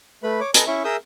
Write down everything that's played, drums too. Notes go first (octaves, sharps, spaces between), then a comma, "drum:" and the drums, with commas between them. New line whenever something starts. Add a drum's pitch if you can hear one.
A3 B4 B5
C#5 D6
A4 B4 D#5 G#5 A#5, drum: hi-hat
C#4 E4 E5 C#6
G#4 A#4 E5 D#6 E6 G6